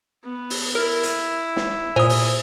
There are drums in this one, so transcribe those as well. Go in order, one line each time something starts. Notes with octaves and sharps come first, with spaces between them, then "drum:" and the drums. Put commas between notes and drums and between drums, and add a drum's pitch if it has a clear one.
B3
drum: open hi-hat
E4 A#4
drum: hi-hat
drum: snare
A#2 C5 G#5 D#6
drum: open hi-hat